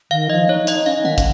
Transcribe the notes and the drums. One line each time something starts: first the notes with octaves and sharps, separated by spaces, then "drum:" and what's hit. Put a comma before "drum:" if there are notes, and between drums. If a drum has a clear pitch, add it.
D#3 F5
F3 D#5
D#4 C#5
D#4 D#5, drum: hi-hat
C#4 F5
D#3 F#5
drum: kick, hi-hat